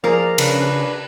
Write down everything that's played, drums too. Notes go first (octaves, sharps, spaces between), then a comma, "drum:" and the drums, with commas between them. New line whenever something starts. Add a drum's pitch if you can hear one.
F3 A#3 G#4 A#4 D5 F5
C#3 D4 B4, drum: cymbal